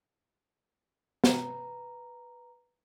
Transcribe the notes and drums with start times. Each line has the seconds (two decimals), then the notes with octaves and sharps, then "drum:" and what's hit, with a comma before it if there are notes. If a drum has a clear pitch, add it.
1.24 B4 A#5, drum: snare